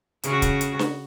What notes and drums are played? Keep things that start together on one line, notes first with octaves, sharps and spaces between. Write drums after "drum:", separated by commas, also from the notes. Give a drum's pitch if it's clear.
C#3 F#4, drum: hi-hat
drum: kick, hi-hat
drum: hi-hat
drum: snare